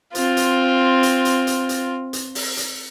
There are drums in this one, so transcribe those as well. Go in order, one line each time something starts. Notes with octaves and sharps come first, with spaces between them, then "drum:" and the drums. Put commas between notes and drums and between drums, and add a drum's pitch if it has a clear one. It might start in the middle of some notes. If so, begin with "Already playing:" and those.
C4 F4, drum: hi-hat
drum: hi-hat
drum: hi-hat
drum: hi-hat
drum: hi-hat
drum: hi-hat
drum: hi-hat
drum: open hi-hat
drum: hi-hat